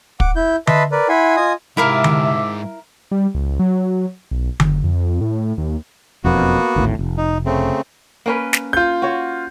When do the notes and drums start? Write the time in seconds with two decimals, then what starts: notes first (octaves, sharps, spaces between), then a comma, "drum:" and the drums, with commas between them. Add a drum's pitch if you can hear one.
0.20 F#5 D6, drum: kick
0.36 E4 G6
0.67 B4 D#5 E5 A5 B5 C6, drum: tom D3
0.92 A#4 B4 D5
1.09 E4 F#5 G#5 B5 C6
1.37 F4 D#5 G#5 D#6
1.77 G#2 C3 E4 A#4 E5 F5 A5 D6
2.04 drum: tom D3
3.11 G3
3.35 C#2
3.60 F#3
4.31 B1
4.60 F#1, drum: tom D3
4.84 F2
5.21 A2
5.58 D#2
6.24 E1 F2 A#3 B3 F#4
6.76 G#1 D2 A2
6.99 F1
7.18 D#4
7.46 C#3 A3 C4
8.26 A#3 C#4 B4
8.53 drum: snare
8.73 F4 G6
9.02 F#4 C#5